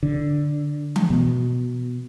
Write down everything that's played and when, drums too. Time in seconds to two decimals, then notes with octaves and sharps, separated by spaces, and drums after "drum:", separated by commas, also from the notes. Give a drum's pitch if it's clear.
0.03 D3
0.96 drum: tom E3
1.10 B2